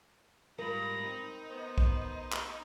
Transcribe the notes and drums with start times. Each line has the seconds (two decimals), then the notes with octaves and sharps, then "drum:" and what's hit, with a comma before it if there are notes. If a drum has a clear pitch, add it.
0.59 G#2 G3 F4 A#4 A#5 B5
1.04 C4 D#4
1.50 B3 C5
1.78 drum: kick B1
2.32 drum: clap